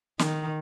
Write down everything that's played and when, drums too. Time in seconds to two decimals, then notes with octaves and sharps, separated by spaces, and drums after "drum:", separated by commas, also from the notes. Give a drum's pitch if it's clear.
0.19 D#3, drum: snare